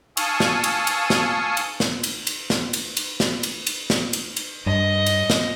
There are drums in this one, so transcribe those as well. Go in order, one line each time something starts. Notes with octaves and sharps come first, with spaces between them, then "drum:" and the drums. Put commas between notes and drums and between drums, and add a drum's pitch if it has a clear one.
F5 G#5 A5 C#6 D#6 E6, drum: cymbal
drum: snare
drum: cymbal
drum: cymbal
drum: snare
drum: cymbal
drum: snare
drum: cymbal
drum: cymbal
drum: snare
drum: cymbal
drum: cymbal
drum: snare
drum: cymbal
drum: cymbal
drum: snare
drum: cymbal
drum: cymbal
G2 D#5
drum: cymbal
drum: snare